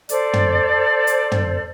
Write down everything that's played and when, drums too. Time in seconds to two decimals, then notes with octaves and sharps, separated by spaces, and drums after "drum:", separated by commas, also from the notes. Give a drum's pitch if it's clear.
0.09 A4 C5 D5, drum: hi-hat
0.33 drum: tom
1.07 drum: hi-hat
1.32 drum: tom